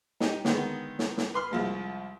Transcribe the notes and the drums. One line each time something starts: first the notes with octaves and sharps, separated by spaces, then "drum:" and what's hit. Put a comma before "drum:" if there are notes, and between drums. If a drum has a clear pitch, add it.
D#4 G4 G5, drum: snare
D3 D#3 G#3 B3, drum: snare
drum: snare
drum: snare
B4 C6 F6
C2 F3 G#3